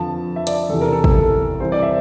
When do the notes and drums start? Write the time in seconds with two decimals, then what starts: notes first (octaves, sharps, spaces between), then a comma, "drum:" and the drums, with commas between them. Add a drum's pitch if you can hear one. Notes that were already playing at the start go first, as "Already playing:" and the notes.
Already playing: F2 D3 F3 A5
0.36 E5
0.47 D5, drum: hi-hat
0.69 E2 C3 E3 A4
0.81 A#4
0.92 A4
1.04 A4, drum: kick
1.15 A4
1.60 C2 C3 E3 C5
1.72 D5
1.82 E5